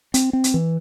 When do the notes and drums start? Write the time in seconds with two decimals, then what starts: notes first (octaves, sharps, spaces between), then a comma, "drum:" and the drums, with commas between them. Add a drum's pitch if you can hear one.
0.14 C4, drum: hi-hat
0.33 C4
0.44 drum: hi-hat
0.54 E3